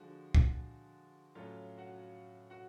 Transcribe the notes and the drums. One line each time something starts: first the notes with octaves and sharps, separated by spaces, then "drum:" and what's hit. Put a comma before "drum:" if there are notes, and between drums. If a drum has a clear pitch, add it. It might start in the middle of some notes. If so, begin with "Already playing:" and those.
Already playing: D3 F3 G#3 F#4
drum: kick
A2 F#3 A3 C#4 F4 F5
F#4 F#5
F#4 F#5